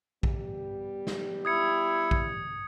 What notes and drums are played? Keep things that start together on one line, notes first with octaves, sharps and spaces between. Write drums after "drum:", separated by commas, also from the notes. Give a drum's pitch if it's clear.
G3 B3 G4, drum: kick A#1
drum: snare
E4 D#6 G#6 C#7
drum: kick A#1